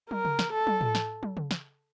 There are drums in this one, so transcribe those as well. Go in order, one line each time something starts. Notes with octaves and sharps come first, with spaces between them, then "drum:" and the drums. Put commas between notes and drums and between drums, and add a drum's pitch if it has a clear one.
A#4, drum: tom
drum: tom C#3
drum: snare
A4
drum: tom
drum: tom A2
drum: snare
drum: tom
drum: tom C#3
drum: snare